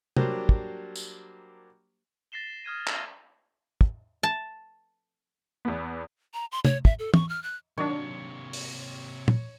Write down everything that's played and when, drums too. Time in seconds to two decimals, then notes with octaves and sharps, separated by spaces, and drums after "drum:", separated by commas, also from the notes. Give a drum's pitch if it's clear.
0.17 F#3 G3 A#3 D4 G4 C5, drum: tom
0.49 drum: kick
0.96 drum: tambourine
2.32 A6 A#6 C7 E7 G7
2.65 D#6 F6 G#6 D#7
2.87 E6, drum: clap
3.81 drum: kick
4.23 A5
5.65 E2 B3
6.34 A#5
6.52 C6
6.65 C#5, drum: tom
6.85 E5, drum: kick
6.99 A4
7.14 C#6, drum: tom
7.29 F6
7.43 F#6
7.78 C3 D#3 F#3 A#3 D4 C#5
8.53 drum: open hi-hat
9.28 drum: tom